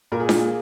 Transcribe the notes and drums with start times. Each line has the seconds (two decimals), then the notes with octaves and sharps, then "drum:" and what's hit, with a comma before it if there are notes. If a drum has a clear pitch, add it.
0.12 A#2 A#4
0.20 G#4
0.29 F4, drum: snare D4
0.37 G#4
0.45 A#3